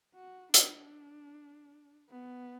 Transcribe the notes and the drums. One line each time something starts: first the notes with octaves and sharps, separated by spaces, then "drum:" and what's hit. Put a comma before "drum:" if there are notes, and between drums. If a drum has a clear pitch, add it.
F#4
D4, drum: hi-hat
B3